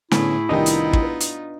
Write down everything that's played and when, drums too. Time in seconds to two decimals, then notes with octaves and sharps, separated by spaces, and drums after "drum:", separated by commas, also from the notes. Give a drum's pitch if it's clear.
0.12 A2 D3 A3 B3 C#4 E4 G#4, drum: snare
0.49 C2 D#3 B3 D4 D#4 F4 D#5 G5
0.66 drum: hi-hat
0.93 drum: kick
1.02 B4
1.21 drum: hi-hat